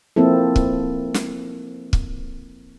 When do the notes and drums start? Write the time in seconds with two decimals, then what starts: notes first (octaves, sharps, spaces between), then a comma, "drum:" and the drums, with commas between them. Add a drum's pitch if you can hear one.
0.16 F3 A#3 C4 E4 A4
0.56 drum: kick
1.14 drum: snare
1.93 drum: kick